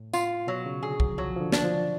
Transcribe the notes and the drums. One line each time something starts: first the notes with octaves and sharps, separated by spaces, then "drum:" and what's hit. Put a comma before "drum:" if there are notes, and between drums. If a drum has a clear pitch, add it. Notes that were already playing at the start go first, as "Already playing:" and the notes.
Already playing: A2
F4, drum: tambourine
B2 F#3
C#3
D3 G#4
F#3, drum: kick
F3 F#3
F3
D3
D4, drum: snare
F3